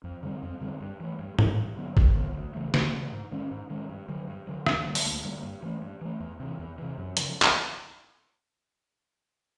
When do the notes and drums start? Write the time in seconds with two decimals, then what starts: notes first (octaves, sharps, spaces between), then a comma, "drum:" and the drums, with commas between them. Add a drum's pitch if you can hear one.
0.04 F2
0.23 D3 G3 C4
0.43 F2
0.61 D3 G3 C4
0.81 G2
1.00 E3 A3
1.19 G2
1.39 E3 A3, drum: tom G#2
1.58 G2
1.77 D3 F#3 B3
1.97 G2, drum: kick
2.16 D3 F#3 B3
2.35 D2
2.54 C#3 E3 A3
2.74 D2, drum: snare
2.93 C#3 E3 A3
3.12 G#2
3.31 D#3 G#3 C#4
3.51 G#2
3.70 D#3 G#3 C#4
3.89 G2
4.08 D3 F#3
4.28 G2
4.47 D3 F#3
4.66 D2, drum: rim click
4.86 D3 G3 A#3
4.95 drum: open hi-hat
5.05 D2
5.24 D3 G3 A#3
5.43 G2
5.63 E3 A3
5.82 G2
6.01 E3 A3
6.20 E2
6.40 C3 E3
6.59 E2
6.78 C3 E3
6.98 F#2
7.17 C#3 F3, drum: hi-hat
7.42 drum: clap